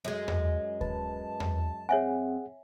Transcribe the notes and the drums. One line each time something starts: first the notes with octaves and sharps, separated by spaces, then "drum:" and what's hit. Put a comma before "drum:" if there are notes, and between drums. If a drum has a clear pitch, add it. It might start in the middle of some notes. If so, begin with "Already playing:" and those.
F#2 G#3
drum: tom E2
B4 A5, drum: kick D2
drum: tom E2
C4 G#4 C#5 E5 F#5 G#5